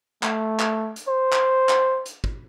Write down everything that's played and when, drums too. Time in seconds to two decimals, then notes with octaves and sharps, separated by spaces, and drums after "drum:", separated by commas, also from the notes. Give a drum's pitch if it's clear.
0.23 A3, drum: clap
0.60 drum: clap
0.96 drum: hi-hat
1.08 C5
1.33 drum: clap
1.69 drum: clap
2.06 drum: hi-hat
2.24 drum: kick